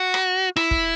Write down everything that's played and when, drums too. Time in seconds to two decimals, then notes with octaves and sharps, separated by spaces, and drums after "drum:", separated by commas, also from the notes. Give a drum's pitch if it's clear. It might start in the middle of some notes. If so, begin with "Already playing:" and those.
Already playing: F#4
0.14 drum: rim click
0.56 E4, drum: rim click
0.71 drum: kick